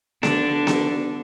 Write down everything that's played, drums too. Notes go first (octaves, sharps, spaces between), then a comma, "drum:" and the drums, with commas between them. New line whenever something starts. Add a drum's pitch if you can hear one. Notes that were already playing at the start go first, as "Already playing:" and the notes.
D3 D4, drum: snare B3
drum: snare B3